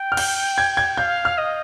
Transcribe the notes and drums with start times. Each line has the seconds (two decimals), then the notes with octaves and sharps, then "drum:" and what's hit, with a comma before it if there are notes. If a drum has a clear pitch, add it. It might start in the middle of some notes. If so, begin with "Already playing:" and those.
Already playing: G5
0.12 F6
0.17 G6, drum: cymbal
0.58 G#6
0.77 G#6
0.97 F5 G6
1.25 F6
1.38 D#5